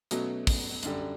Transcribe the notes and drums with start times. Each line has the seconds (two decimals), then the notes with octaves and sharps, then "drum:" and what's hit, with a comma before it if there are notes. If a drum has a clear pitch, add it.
0.11 B2 F#3 A3 C#4, drum: hi-hat
0.47 drum: kick, open hi-hat
0.83 F#2 D3 G3, drum: hi-hat